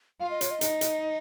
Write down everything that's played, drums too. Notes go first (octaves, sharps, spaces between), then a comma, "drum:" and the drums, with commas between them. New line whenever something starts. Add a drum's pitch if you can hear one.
F4 F5
D#5
C#5, drum: hi-hat
D#5
D#4, drum: hi-hat
drum: hi-hat